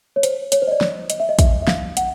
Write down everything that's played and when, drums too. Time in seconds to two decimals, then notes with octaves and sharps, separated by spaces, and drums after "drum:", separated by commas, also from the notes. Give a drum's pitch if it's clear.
0.16 C#5
0.23 C5, drum: hi-hat
0.52 C#5, drum: hi-hat
0.62 C5
0.67 D#5
0.71 D5
0.81 drum: snare
1.10 D#5, drum: hi-hat
1.20 E5
1.29 D#5
1.39 E5, drum: kick, hi-hat
1.62 E5
1.67 F5, drum: snare
1.97 F#5, drum: hi-hat